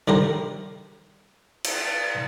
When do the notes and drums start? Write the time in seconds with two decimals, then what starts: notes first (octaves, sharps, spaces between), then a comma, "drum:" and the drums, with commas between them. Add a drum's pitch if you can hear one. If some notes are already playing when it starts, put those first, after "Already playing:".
0.08 D3 G3 A#4 C5
1.64 drum: cymbal